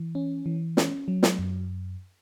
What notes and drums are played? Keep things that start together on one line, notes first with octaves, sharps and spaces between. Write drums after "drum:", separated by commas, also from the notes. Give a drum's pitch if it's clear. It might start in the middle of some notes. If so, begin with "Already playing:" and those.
Already playing: E3
C#4
E3
C#4, drum: snare
F#3
drum: snare
F#2